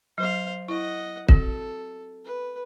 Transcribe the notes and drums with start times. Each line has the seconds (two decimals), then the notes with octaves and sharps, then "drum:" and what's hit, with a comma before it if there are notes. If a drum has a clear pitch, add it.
0.18 F#3 C5 F5
0.68 E4 D#5 F#5
1.29 C4 F#4 A4, drum: kick
2.25 B4